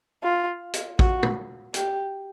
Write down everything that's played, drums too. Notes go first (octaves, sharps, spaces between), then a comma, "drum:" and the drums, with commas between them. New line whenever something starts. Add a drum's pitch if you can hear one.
F4
drum: hi-hat
F#4, drum: kick A1
drum: tom
G4, drum: hi-hat